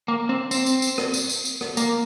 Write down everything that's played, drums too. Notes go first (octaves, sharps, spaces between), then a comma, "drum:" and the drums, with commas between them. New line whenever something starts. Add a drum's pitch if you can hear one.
A#3
C4
C4, drum: tambourine
drum: tambourine
drum: tambourine
drum: rim click
drum: tambourine
drum: tambourine
drum: tambourine
drum: rim click
A#3, drum: tambourine